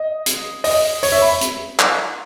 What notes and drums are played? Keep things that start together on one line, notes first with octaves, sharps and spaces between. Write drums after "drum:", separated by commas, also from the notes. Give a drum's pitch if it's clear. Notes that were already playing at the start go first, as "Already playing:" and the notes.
Already playing: D#5
drum: hi-hat
D#5, drum: open hi-hat
C#5, drum: open hi-hat
E5
B5
drum: hi-hat
drum: clap